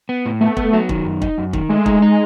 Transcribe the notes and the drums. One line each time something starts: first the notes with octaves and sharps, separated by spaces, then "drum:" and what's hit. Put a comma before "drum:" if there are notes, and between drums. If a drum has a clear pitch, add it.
B3
A2
A3 B3
B3, drum: kick
F#3
D#3, drum: kick
F#2
D#4, drum: kick
F#2
D#3, drum: kick
G#3 A3
D#4, drum: kick
D#4